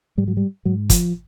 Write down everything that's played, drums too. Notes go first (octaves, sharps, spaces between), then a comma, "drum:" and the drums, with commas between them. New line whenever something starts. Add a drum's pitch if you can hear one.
G#2 G3
F#3
G3
G#2 F#3
F3, drum: kick, hi-hat